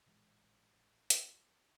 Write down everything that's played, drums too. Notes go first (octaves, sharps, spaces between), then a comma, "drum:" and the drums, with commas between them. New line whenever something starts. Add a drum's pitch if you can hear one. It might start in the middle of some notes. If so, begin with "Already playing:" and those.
A1 A#2 E3 G#3
drum: hi-hat